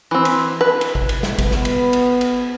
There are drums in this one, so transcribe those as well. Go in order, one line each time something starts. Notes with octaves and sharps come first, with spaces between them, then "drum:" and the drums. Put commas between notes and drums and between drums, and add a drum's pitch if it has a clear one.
E3 C4
drum: cymbal
B4
drum: cymbal
drum: kick
drum: cymbal
drum: snare
B3, drum: kick, cymbal
drum: snare
drum: cymbal
drum: cymbal
drum: cymbal